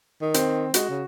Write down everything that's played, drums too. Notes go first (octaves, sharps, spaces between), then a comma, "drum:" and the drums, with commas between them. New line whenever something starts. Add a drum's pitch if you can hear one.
D#3
C4, drum: hi-hat
G#3 F#4, drum: hi-hat
C#3